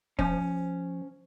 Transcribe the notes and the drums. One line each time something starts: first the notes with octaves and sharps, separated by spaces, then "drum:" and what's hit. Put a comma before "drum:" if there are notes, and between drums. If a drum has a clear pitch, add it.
F3 C#4, drum: kick